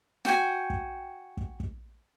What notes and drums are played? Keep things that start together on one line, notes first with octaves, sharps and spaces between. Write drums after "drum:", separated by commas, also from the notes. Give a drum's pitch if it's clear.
F#4 G5 G#5, drum: snare
drum: kick
drum: kick
drum: kick